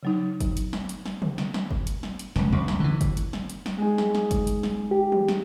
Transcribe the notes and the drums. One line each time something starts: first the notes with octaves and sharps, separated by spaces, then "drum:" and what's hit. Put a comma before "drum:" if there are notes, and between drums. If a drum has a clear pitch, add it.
C#3 F#3 D#4
drum: kick F#1, hi-hat
drum: hi-hat
drum: snare
drum: hi-hat
drum: snare
drum: tom
drum: snare
drum: snare
drum: kick F#1
drum: hi-hat
drum: snare
drum: hi-hat
F1 C#2, drum: snare
C#2, drum: tom
drum: snare
D3 E3
drum: kick F#1, hi-hat
drum: hi-hat
drum: snare
drum: hi-hat
drum: snare
G#3 D#4 G#4
drum: snare
drum: snare
drum: kick F#1, hi-hat
drum: hi-hat
drum: snare
G4
drum: tom
drum: snare